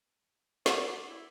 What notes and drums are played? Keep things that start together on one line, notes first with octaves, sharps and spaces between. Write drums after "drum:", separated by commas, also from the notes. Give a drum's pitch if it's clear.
D5, drum: snare
E4